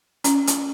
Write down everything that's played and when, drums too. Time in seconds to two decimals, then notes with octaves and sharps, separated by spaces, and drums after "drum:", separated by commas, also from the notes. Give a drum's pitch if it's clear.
0.24 C#4, drum: hi-hat
0.47 drum: hi-hat